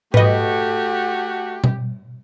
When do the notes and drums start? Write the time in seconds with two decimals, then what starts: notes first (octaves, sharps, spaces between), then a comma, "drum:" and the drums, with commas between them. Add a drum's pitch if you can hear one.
0.14 A3 F#4 G4 B4 D#5, drum: tom G#2
1.64 drum: tom B2